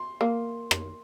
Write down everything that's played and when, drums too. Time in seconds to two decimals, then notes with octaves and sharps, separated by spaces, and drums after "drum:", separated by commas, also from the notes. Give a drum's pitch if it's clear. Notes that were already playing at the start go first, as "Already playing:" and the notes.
Already playing: C6
0.21 A#3
0.71 drum: rim click